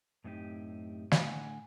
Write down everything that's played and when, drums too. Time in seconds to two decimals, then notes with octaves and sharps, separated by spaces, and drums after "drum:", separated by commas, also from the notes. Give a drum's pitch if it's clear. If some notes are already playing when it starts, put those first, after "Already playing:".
0.24 F#2 A2 C4 D#4 G4
1.11 A2 D3 F#5 G#5, drum: snare